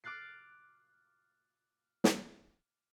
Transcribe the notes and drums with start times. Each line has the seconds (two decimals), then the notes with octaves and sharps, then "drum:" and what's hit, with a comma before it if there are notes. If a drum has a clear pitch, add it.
0.04 D6 F6 F#6 A6 C7
2.04 drum: snare